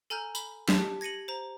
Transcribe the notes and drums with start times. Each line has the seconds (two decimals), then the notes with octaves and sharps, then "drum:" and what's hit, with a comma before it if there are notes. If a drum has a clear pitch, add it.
0.10 A4 G#5 A#5 F6 G6
0.35 B5, drum: tambourine
0.69 G4 A5, drum: snare
1.01 G#6 A#6 C#7 D#7 F#7
1.28 C5 A#5